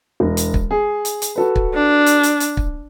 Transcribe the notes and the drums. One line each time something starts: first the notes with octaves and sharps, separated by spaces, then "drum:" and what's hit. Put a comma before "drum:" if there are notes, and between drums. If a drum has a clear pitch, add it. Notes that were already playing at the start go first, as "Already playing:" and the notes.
E1
drum: hi-hat
drum: kick
G#4
drum: hi-hat
drum: hi-hat
F#4 A4 B4
drum: kick
D4
drum: hi-hat
drum: hi-hat
drum: hi-hat
drum: kick